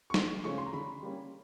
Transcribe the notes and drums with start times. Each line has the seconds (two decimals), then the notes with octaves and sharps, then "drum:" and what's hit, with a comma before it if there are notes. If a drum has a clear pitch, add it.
0.10 C#6
0.14 F2 C6, drum: snare
0.44 C#3 F3 A3 C#4 C#6
0.58 C6
0.66 A#5
0.73 D3 B5
1.03 G3 A#3 C#4